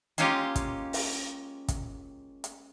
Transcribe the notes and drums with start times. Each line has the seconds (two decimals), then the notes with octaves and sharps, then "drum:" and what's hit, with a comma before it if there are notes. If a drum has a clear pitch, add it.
0.18 G#3 A#3 C#4 F4 G4, drum: hi-hat
0.56 drum: kick, hi-hat
0.93 drum: open hi-hat
1.68 drum: kick, hi-hat
2.44 drum: hi-hat